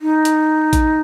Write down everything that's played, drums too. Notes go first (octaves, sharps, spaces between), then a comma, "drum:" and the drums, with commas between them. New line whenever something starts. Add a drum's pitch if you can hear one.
D#4
drum: hi-hat
drum: kick A1, hi-hat